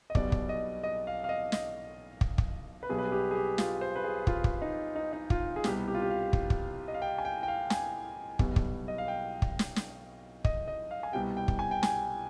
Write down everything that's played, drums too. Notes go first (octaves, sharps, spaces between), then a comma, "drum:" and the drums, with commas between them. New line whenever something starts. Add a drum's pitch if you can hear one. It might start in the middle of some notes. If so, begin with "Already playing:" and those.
D#5
B1 B2 G3 D5, drum: kick
drum: kick
D#5
D#5
F5
F5
D#5
D#5, drum: snare
drum: kick
drum: kick
B4
B1 B2 G3 G#4
B4
G#4
G4
G#4
G4
F4, drum: snare
C5
B4
G#4
F4, drum: kick
drum: kick
D#4
D#4
D#4
F4, drum: kick
G#4
C2 B2 G3 G4, drum: snare
G4
F4
G4
F5
drum: kick
drum: kick
D#5
F5
G5
G#5
G5
G5
F5
G#5, drum: snare
B1 B2 G3, drum: kick
drum: kick
D#5
F5
G5
drum: kick
drum: snare
drum: snare
D#5, drum: kick
D#5
F5
G#5
C2 B2 G3 G5
G5
drum: kick
G#5
G5
G#5, drum: snare